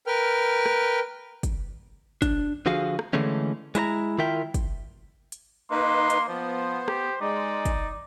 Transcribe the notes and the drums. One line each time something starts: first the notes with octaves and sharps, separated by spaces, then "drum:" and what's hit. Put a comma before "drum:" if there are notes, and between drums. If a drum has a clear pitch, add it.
A#4 B4 G5 F6
drum: rim click
drum: kick, hi-hat
D4, drum: kick, hi-hat
D3 F3 F#4 G#4 F5
drum: rim click
D3 E3 G#3 A3 C#4
G#3 E4 C5 A#5, drum: hi-hat
D#3 E4 F4 A#4 E5 G5
drum: kick, hi-hat
drum: hi-hat
A#3 D#4 B4 C6
drum: hi-hat
F3 B3 C5
G4, drum: rim click
G#3 D#4 D5
drum: kick, hi-hat